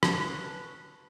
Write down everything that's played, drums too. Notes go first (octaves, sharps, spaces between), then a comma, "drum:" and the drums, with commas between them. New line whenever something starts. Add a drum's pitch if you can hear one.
C#4 B4 A5 C#6, drum: rim click